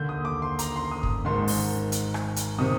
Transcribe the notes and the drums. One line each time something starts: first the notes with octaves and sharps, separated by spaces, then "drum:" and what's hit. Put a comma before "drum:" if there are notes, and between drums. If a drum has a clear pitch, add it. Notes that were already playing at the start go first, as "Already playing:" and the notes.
Already playing: D#2 D3 G6
D#6
D6
C6
A#5, drum: hi-hat
C6
D#6
drum: kick
G#1 G#2 D#3 C6
drum: open hi-hat
drum: hi-hat
drum: rim click
drum: hi-hat
C3 D#3 D#6